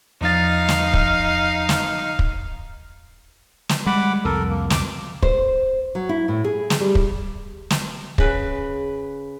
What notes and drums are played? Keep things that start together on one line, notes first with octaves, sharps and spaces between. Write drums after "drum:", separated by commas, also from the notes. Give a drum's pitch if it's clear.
E2 F3 D#4 F5 A6
drum: snare
drum: kick
drum: snare
drum: kick
drum: snare
G3 G#3 F#5 B5 D6
C2 F2 A4 A#4
A#3
D6, drum: snare
C5, drum: kick
F#3
E4
A2
G#4
drum: snare
G3
drum: kick
drum: snare
C#3 B4, drum: kick